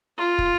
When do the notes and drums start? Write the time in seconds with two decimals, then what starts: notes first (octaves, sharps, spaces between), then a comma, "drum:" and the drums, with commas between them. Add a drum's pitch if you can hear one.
0.18 F4
0.38 drum: kick